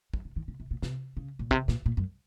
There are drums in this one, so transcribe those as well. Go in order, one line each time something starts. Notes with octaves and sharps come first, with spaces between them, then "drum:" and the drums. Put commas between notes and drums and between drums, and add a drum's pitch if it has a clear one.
F#2, drum: kick
C#3
D#3
C#3
C3
A#2
C3, drum: snare
C#3
A#2
C3, drum: kick
A#2, drum: snare
A#2
F#2